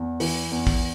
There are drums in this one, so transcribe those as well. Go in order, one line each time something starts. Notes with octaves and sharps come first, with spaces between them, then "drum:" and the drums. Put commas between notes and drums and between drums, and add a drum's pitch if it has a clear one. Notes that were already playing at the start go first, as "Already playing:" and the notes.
Already playing: E2
E3, drum: open hi-hat
E2
drum: kick, open hi-hat